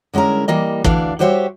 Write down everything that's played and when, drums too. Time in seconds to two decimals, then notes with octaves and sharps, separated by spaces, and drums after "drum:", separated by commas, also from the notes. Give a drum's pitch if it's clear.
0.14 D3 G#3 C#4 E4 A#4
0.48 E3 G3 A#3 D#5
0.84 D2 E3 D4 D5 F5, drum: kick
1.19 G3 F#4 G4 C5 C#5 E5